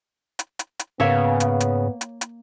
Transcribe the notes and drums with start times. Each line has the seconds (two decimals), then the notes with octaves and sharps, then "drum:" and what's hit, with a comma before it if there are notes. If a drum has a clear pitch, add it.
0.39 drum: hi-hat
0.59 drum: hi-hat
0.79 drum: hi-hat
1.00 G#2 C#3 A#3 B3 C#5 E5
1.40 drum: hi-hat
1.60 drum: hi-hat
2.01 drum: hi-hat
2.21 drum: hi-hat